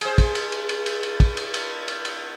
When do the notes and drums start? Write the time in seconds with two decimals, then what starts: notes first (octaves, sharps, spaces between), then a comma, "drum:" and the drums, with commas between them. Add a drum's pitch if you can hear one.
0.01 G#4 C5, drum: cymbal
0.18 drum: kick, cymbal
0.35 drum: cymbal
0.52 drum: cymbal
0.69 drum: cymbal
0.86 drum: cymbal
1.03 drum: cymbal
1.20 drum: kick, cymbal
1.37 drum: cymbal
1.54 drum: cymbal
1.88 drum: cymbal
2.05 drum: cymbal